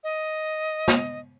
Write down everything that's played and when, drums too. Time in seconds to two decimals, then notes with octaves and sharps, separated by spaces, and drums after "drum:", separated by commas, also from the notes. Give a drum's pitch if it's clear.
0.04 D#5
0.88 drum: snare